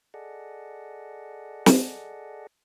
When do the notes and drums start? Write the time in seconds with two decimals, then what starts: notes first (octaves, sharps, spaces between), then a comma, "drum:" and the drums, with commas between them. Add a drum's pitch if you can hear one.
0.14 G#4 A4 D5 D#5 F#5
1.66 drum: snare